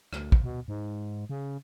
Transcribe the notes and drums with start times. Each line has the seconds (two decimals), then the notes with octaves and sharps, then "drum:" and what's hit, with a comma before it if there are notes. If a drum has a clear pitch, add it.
0.13 D2, drum: rim click
0.32 drum: kick
0.44 B2
0.68 G#2
1.29 C#3